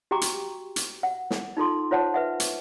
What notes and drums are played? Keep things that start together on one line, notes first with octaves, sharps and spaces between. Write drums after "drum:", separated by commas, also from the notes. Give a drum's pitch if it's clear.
F#4 G4 G5 A#5 C#6 D6
drum: hi-hat
drum: hi-hat
F#5
drum: snare
D#4 F4 A4 C6
F4 C5 C#5 F#5 A5
B4 E5 F#5
drum: hi-hat